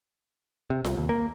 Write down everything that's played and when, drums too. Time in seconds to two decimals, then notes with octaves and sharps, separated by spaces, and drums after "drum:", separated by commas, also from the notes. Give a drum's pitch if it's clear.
0.70 C3
0.84 C2, drum: snare F4
0.97 D#2
1.09 A#3